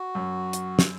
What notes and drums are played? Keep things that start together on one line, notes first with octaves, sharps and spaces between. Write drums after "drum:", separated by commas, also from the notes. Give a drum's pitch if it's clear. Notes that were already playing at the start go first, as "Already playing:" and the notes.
Already playing: F#4
F#2
drum: hi-hat
drum: snare